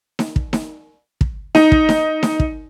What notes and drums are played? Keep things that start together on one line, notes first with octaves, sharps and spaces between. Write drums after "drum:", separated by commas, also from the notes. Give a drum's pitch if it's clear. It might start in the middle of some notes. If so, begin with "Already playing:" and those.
drum: snare D#4
drum: kick
drum: snare D#4
drum: kick
D#4, drum: snare D#4
drum: kick
drum: snare D#4
drum: snare D#4
drum: kick